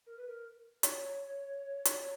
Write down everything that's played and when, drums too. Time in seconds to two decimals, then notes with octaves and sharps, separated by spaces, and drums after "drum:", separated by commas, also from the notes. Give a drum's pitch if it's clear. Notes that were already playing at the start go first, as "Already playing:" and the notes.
0.07 A#4
0.17 B4
0.28 A#4
0.83 C#5, drum: hi-hat
1.85 drum: hi-hat